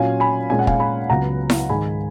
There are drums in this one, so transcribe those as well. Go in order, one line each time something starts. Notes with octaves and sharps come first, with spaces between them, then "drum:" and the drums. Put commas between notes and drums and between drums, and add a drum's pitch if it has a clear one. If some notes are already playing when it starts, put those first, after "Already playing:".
Already playing: A#2 F#3 C#4 F5 G#5
G#5 B5
A#2 G#3 C#4 G#5
F#5
F5 G#5, drum: kick
G#5 B5
C#2 C#3 F#3 B3 F#5 A#5
drum: snare E4
G#2 D#3 G#3 G#5 B5